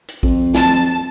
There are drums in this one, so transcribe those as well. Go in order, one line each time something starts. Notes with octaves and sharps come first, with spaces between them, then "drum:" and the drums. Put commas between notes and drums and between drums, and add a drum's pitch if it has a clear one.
drum: hi-hat
F2, drum: kick A#1
A5, drum: snare